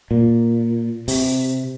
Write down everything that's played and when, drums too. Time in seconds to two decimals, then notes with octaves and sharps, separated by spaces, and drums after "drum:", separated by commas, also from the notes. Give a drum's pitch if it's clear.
0.11 A#2
1.08 C3, drum: open hi-hat